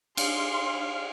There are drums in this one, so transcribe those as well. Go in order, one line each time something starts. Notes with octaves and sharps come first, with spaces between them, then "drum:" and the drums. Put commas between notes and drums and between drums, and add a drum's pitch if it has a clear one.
F5 C6, drum: cymbal